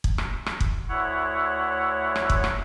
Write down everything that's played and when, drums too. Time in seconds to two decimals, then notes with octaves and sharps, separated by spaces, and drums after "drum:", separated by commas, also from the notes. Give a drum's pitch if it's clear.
0.04 drum: kick
0.18 drum: rim click
0.46 drum: rim click
0.60 drum: kick
0.89 D2 E4 C#5 F#5
2.16 drum: rim click
2.30 drum: kick
2.44 drum: rim click